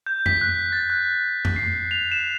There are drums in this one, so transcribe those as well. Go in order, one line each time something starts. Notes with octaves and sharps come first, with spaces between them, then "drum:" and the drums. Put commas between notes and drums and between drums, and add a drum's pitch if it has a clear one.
G6
B6, drum: tom F2
F#6
A6
F#6
drum: tom F2
C7
F7
E7